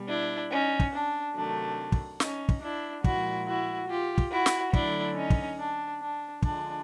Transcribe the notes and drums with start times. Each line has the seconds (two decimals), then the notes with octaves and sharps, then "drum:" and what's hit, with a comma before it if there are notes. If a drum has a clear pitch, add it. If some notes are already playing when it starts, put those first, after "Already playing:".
Already playing: B2 G3
0.09 D4 E4
0.52 C#4 D#4
0.80 drum: kick
0.93 D4
1.35 C3 D#3 F#3 A3 D4
1.92 drum: kick
2.20 C#4 D#4, drum: snare
2.49 drum: kick
2.62 D4 E4
3.04 A#2 F3 G#3 E4 F#4, drum: kick
3.47 E4 F#4
3.89 F4 G4
4.18 drum: kick
4.32 E4 F#4
4.46 drum: snare
4.73 D3 F#3 A3 D4 E4, drum: kick
5.16 C#4 D#4
5.30 drum: kick
5.59 D4
6.01 D4
6.42 D3 F3 G#3 D4, drum: kick